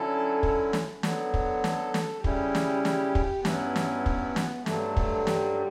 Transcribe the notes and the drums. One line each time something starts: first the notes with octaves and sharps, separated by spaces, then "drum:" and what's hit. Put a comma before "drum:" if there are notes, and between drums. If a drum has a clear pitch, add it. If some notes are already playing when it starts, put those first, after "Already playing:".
Already playing: D3 F#3 C#4 E4 A4
drum: kick
drum: snare
D3 F#3 B3, drum: snare
drum: kick
A4, drum: snare
drum: snare
C#3 G3 C#4 E4 G4, drum: kick
drum: snare
drum: snare
drum: kick
G2 F#3 B3 C#4 E4, drum: snare
drum: snare
drum: kick
drum: snare
G2 D3 F#3 A3, drum: snare
drum: kick
G3, drum: snare